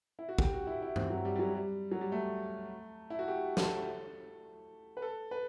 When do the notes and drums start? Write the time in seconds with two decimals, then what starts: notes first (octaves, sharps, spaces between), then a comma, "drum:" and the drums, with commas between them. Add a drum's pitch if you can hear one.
0.19 E4
0.29 F#4
0.38 G4, drum: kick
0.53 F#4
0.67 E4
0.82 E4
0.96 C4, drum: tom G2
1.10 F#3
1.25 G3
1.36 G3
1.39 F#3
1.55 G3
1.92 F#3
2.01 G3
2.12 A3
3.10 E4
3.19 F#4
3.28 G4
3.57 A4, drum: snare
4.97 B4
5.02 A4
5.31 B4